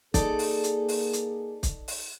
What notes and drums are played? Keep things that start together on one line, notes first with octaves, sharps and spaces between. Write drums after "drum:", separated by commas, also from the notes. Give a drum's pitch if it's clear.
A#3 D#4 G#4 A4 D5, drum: kick, hi-hat
drum: open hi-hat
drum: hi-hat
drum: open hi-hat
drum: hi-hat
drum: kick, hi-hat
drum: open hi-hat